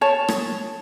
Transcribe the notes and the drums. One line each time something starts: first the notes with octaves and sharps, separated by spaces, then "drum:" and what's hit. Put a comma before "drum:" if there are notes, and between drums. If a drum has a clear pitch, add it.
C#5 A5
drum: rim click